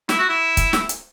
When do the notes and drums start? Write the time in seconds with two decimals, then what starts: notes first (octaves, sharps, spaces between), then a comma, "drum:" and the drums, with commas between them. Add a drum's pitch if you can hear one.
0.09 E4, drum: snare
0.19 F#4
0.29 E4
0.57 drum: kick, hi-hat
0.73 drum: snare
0.89 drum: hi-hat